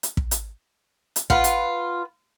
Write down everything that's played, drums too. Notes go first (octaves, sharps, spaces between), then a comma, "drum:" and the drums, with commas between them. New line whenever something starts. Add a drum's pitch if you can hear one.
drum: hi-hat
drum: kick
drum: hi-hat
drum: hi-hat
F4 B4 F#5, drum: kick
drum: hi-hat